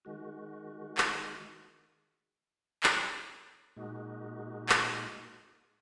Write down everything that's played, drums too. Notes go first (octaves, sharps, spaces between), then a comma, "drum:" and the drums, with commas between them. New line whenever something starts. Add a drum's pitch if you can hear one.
D#3 G#3 F#4
drum: clap
drum: clap
A#2 G#3 D#4 F#4
drum: clap